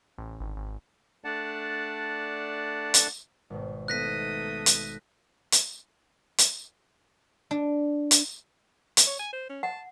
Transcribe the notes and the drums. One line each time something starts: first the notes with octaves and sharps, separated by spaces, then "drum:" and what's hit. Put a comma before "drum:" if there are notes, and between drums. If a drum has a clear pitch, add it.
A1
G#1
G#1
A3 D4 D5 F#5 A5
drum: hi-hat
G#1 B2
A3 B3 D#4 D#6 F#6 A#6 B6
drum: hi-hat
drum: hi-hat
drum: hi-hat
D4
drum: hi-hat
drum: hi-hat
C#5
G#5
C5
C#4
F#5 A5